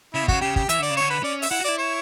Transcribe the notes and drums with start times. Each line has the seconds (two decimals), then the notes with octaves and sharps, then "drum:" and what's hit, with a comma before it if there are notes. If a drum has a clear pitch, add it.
0.14 C#3 E4
0.23 B2
0.28 C#3 F#4, drum: kick
0.41 C#3 G4
0.56 G4, drum: kick
0.69 E3 E5, drum: hi-hat
0.79 D3 D5
0.90 C#3
0.97 D3 C#5
1.10 B4
1.23 C#4 D5
1.42 E5, drum: open hi-hat
1.51 E4 F#5
1.59 F#4
1.65 E4 D5
1.78 C#5